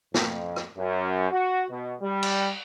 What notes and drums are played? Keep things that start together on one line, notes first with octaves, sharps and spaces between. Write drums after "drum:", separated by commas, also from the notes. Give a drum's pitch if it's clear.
F2, drum: snare
drum: rim click
F#2
F#4
B2
G3
drum: cymbal